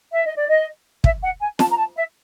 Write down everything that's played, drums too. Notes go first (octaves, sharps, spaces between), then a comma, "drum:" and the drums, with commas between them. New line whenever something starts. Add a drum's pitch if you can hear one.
E5
D#5
D5
D#5
E5, drum: kick
F#5
G#5
A5, drum: snare
A#5
A5
E5